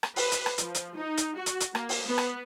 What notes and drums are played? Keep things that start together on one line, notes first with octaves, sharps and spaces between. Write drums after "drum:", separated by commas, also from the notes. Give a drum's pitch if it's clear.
drum: rim click
B4, drum: open hi-hat
drum: hi-hat
drum: rim click
F3, drum: hi-hat
drum: hi-hat
D#4
drum: hi-hat
F#4
drum: hi-hat
drum: hi-hat
A#3, drum: rim click
drum: open hi-hat
B3
drum: rim click